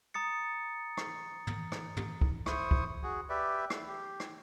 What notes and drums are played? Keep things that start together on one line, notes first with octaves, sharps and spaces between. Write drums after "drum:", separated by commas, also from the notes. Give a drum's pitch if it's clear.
A#5 D#6 A6 C#7
drum: rim click
drum: tom
drum: rim click
drum: tom
drum: kick
E4 C5 C#6 D#6, drum: rim click
drum: kick
F#4 G#4
G4 B4 D5 E5
drum: rim click
G4
drum: rim click